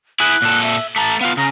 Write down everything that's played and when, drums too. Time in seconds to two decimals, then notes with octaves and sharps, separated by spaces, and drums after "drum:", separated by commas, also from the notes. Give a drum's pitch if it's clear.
0.20 E4 G#4 F#6, drum: cymbal
0.42 A#2 A4
0.63 E5, drum: cymbal
0.75 drum: cymbal
0.96 A3 A5 A#5
1.21 B3 F4 F5
1.37 C#3 A#5